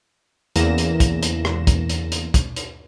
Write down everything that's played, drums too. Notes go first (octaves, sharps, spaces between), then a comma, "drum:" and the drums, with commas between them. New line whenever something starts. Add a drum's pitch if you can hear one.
E2 C#3 E3 A#3 A#6 E7, drum: hi-hat
drum: hi-hat
drum: kick, hi-hat
drum: hi-hat
drum: rim click
drum: kick, hi-hat
drum: hi-hat
drum: hi-hat
drum: kick, hi-hat
drum: hi-hat